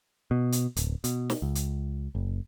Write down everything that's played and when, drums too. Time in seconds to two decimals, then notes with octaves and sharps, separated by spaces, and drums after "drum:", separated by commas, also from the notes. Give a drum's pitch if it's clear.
0.31 B2
0.52 drum: hi-hat
0.76 D1, drum: hi-hat
1.04 B2, drum: hi-hat
1.30 drum: snare
1.42 C#2
1.55 drum: hi-hat
2.15 F#1